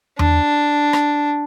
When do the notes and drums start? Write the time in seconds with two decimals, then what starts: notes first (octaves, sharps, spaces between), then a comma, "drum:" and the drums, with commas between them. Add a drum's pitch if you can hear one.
0.19 D4, drum: tom E2
0.93 drum: rim click